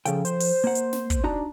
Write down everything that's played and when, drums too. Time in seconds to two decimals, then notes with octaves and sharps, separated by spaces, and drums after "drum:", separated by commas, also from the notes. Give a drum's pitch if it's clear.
0.05 C#3 F3 A4 G5, drum: hi-hat
0.25 C5, drum: hi-hat
0.40 drum: open hi-hat
0.64 A#3 F#5
0.75 drum: hi-hat
0.93 drum: snare
1.10 drum: kick, hi-hat
1.24 D4 D#4 F#4 A#5